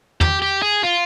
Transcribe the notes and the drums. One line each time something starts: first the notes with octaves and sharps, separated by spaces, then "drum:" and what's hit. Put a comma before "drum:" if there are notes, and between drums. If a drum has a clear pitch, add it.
G4, drum: tom
G4
G#4
F4